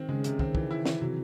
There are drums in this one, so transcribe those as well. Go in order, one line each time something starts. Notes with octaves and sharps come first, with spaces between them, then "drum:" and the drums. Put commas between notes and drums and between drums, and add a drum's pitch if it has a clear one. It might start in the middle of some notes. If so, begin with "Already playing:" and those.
Already playing: D#3 C4
C#3 G#3
C3, drum: hi-hat
D#3 C4, drum: kick
E3, drum: kick
E4
E3, drum: snare
C3 F#3